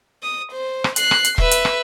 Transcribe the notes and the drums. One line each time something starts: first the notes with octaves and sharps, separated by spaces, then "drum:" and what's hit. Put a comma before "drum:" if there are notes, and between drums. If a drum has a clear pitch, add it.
D#6
C5
drum: rim click
F#6 C7, drum: hi-hat
drum: rim click
drum: hi-hat
B4 E5, drum: kick E1
drum: hi-hat
drum: rim click